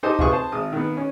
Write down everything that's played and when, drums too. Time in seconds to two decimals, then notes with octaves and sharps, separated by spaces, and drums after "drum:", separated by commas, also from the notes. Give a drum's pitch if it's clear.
0.03 D#4 G4 A4 C5 D#5
0.19 C3 F4 G#4 B4 C#6 D#6, drum: kick
0.31 C5 A5
0.52 G#1 D#6
0.73 D#3 B3
0.97 C#4